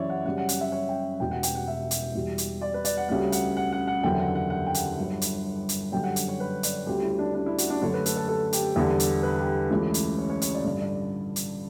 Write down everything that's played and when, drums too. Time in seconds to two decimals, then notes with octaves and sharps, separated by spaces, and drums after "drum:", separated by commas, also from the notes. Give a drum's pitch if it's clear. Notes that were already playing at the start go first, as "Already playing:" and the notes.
Already playing: F#2 C#3 E3 C#5 D5 E5
0.10 F#5
0.25 F#2 C#3 G3 F#5
0.38 F#5
0.49 F#5, drum: hi-hat
0.61 E5
0.72 C#5
0.88 G5
1.19 E1 E2 B2 G5
1.31 F#5
1.43 G5, drum: hi-hat
1.55 F#5
1.68 E5
1.91 drum: hi-hat
2.15 E2 B2 G3
2.38 drum: hi-hat
2.62 D5
2.74 B4
2.85 D5, drum: hi-hat
2.97 F#5
3.09 D2 C#3 G3 F#5
3.32 F#5, drum: hi-hat
3.57 F#5
3.72 F#5
3.87 F#5
4.03 F#1 E2 D3 F#3 G5
4.20 F#5
4.35 F#5
4.50 F#5
4.67 G5
4.74 F#5, drum: hi-hat
4.99 G1 G2 F#3
5.22 drum: hi-hat
5.69 drum: hi-hat
5.92 F#2 D3 G3 G5
6.04 F#5
6.16 drum: hi-hat
6.28 C#5
6.40 B4
6.63 D5, drum: hi-hat
6.86 D2 C#3 G3 G4
7.02 E4
7.19 D4
7.34 D4
7.46 E4
7.58 F#4, drum: hi-hat
7.70 D4
7.81 F#2 D3 F#3 A3 C#5
7.94 B4
8.06 A4, drum: hi-hat
8.16 A4
8.28 A4
8.53 G4, drum: hi-hat
8.76 E2 D3 G3
9.00 drum: hi-hat
9.23 B4
9.39 G4
9.70 C#2 C#3 E3 A3
9.94 drum: hi-hat
10.18 C#5
10.30 C#5
10.42 C#5, drum: hi-hat
10.54 D5
10.64 A1 G2 D3 D5
10.81 D5
11.36 drum: hi-hat